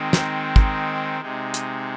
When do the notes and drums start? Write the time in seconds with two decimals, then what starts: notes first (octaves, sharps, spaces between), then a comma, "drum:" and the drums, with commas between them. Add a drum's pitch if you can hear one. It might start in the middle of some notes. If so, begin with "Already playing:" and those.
Already playing: D#3 G#3 C4 D#4
0.13 drum: snare
0.56 drum: kick
1.21 C3 G#3 D#4
1.54 drum: hi-hat